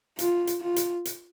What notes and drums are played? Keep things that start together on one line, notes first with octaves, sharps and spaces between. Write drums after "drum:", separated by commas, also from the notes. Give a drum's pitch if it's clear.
F4, drum: hi-hat
drum: hi-hat
F4
drum: hi-hat
drum: hi-hat